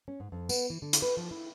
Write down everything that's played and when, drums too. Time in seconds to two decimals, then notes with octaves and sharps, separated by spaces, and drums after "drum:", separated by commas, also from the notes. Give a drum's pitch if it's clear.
0.08 C#4
0.20 G#2
0.32 F2
0.49 B3, drum: tambourine
0.70 E3
0.82 D3
0.93 drum: hi-hat
1.02 B4
1.17 F3
1.31 E4